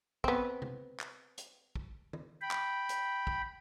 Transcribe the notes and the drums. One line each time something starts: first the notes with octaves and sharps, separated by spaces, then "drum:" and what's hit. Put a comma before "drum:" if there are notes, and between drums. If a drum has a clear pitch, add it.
B3 C4, drum: kick
drum: tom C3
drum: clap
drum: hi-hat
drum: kick
drum: tom
G5 B5
drum: clap
drum: hi-hat
drum: kick